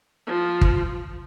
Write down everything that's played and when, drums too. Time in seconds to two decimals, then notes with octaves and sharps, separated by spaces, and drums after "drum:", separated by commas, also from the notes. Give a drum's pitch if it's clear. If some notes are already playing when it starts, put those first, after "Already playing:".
0.27 F3
0.61 drum: kick